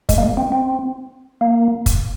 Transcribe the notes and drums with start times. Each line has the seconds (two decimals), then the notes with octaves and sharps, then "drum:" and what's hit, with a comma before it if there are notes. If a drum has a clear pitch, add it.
0.09 G#3, drum: kick, hi-hat
0.18 A#3
0.22 G#3
0.37 C4
0.52 C4
1.41 A#3
1.86 drum: kick, hi-hat